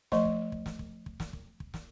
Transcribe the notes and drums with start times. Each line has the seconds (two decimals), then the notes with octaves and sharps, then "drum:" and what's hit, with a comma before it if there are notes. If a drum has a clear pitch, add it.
0.12 F3 A3 C5 D#5 C6, drum: snare
0.25 drum: kick
0.52 drum: kick
0.66 drum: snare
0.79 drum: kick
1.06 drum: kick
1.20 drum: snare
1.33 drum: kick
1.60 drum: kick
1.74 drum: snare